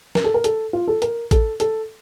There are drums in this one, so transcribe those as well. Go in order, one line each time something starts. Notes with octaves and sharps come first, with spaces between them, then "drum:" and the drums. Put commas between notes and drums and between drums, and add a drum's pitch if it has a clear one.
A#4, drum: snare
A4
A#4
A4, drum: hi-hat
F4
A4
A#4, drum: hi-hat
A4, drum: kick, hi-hat
A4, drum: hi-hat